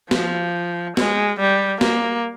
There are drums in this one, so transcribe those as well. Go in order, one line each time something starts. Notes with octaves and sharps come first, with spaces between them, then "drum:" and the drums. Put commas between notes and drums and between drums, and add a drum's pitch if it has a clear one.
F3, drum: snare
G#3, drum: snare
G3
A#3, drum: snare